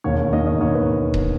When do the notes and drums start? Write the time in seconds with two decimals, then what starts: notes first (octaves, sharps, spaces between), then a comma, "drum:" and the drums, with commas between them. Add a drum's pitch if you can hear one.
0.04 E1 D#2 D#3 C#5
0.32 E1 D#2 D#3 D#5
0.47 D#5
0.60 E1 D#2 D#3 C#5
0.75 B4
1.14 drum: kick D#1